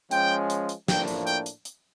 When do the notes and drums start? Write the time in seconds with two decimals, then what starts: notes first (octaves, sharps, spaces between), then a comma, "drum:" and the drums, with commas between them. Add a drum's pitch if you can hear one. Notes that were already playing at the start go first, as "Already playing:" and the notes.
0.11 F3 G#3 C#4 G5, drum: hi-hat
0.50 drum: hi-hat
0.69 drum: hi-hat
0.88 A2 F3 A#3 D4 G5, drum: snare
1.08 drum: hi-hat
1.27 G5, drum: hi-hat
1.46 drum: hi-hat
1.65 drum: hi-hat